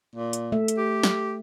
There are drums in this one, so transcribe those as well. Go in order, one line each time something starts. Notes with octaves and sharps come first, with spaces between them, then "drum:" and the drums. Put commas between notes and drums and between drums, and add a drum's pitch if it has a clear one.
A#2
drum: hi-hat
A3 E5
drum: hi-hat
G4
drum: snare